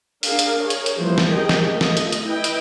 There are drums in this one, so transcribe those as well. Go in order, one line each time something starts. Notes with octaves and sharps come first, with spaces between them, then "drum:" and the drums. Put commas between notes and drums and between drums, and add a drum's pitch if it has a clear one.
D4 G#4 A#4 F5, drum: open hi-hat
drum: hi-hat
G#4 A#4 C#5
drum: hi-hat
drum: hi-hat
E3 F3 G3 A#3 C5
drum: snare
G4 G#4 A#4 D#5 G5
drum: snare
A3 F4 D#5
drum: snare
drum: hi-hat
drum: hi-hat
E4 B4 D#5 G5
drum: hi-hat